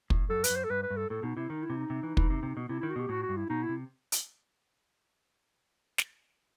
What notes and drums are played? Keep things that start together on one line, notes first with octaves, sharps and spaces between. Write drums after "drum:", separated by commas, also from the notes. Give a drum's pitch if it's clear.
A2, drum: kick
F#2 A4
B4, drum: hi-hat
F#2
C5
A4
G2 B4
B4
G2
A4
A2 A4
B2 D#4
C3 E4
D#3 D#4
E4
C3
D#4
C3
E3
E3, drum: kick
C3
C3
B2
C3 E4
D#3 E4
F#4
B2 G4
A2 F#4
F#4
G2
E4
B2 D#4
E4
C3
drum: hi-hat
drum: snare